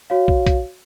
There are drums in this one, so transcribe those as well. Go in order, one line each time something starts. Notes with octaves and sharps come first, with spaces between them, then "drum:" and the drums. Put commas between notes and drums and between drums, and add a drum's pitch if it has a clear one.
F#4 C#5 F5
drum: kick
drum: kick, hi-hat